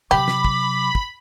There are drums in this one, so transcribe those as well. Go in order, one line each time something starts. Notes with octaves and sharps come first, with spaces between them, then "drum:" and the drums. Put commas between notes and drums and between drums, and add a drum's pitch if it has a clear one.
C3 F#3 G4 B5 D6
drum: snare
drum: kick
drum: kick